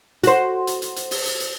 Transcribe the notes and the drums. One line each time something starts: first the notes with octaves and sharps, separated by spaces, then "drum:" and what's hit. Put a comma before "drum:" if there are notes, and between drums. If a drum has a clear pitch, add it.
F#4 C5, drum: hi-hat
drum: hi-hat
drum: hi-hat
drum: hi-hat
drum: open hi-hat
drum: hi-hat
drum: hi-hat